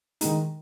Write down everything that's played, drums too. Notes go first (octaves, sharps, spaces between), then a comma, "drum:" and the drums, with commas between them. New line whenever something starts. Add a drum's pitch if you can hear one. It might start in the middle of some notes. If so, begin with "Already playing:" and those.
D#3 G#3 D#4, drum: hi-hat